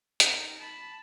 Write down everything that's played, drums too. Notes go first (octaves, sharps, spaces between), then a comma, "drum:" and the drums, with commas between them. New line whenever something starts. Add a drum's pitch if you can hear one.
D#4 A#4, drum: hi-hat
A5 B5